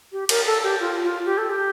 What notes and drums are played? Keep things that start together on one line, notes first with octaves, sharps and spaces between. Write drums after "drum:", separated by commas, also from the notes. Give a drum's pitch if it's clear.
G4
A#4, drum: cymbal
A4
G4
F4
F4
G4
A4
G4